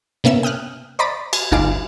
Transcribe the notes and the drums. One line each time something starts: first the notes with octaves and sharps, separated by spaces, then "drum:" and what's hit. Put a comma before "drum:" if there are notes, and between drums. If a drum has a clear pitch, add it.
C3 A#3 B3 C#4 E5 E6
G5 D#6 F6 F#6
C5 D5 D#5 A#5 B5 A6
G#5, drum: cymbal
G1 D2 D#4 F4 G#4 D6